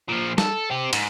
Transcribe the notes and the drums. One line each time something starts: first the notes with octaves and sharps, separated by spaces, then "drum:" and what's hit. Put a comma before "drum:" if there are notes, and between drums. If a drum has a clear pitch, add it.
A#2 F3
A4, drum: snare
C4 G4
G#2, drum: cymbal